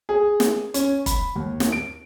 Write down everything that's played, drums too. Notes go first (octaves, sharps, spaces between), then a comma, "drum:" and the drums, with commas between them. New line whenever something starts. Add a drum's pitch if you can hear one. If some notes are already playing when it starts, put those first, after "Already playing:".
G#4
drum: snare
C#4, drum: hi-hat
B5, drum: kick F1, hi-hat
D#2
drum: snare
D7